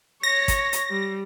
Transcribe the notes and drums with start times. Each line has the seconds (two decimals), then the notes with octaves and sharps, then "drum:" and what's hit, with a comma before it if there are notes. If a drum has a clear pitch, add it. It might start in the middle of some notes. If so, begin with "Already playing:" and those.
0.23 C#5 C#6 A#6
0.48 drum: kick, hi-hat
0.73 drum: hi-hat
0.90 G3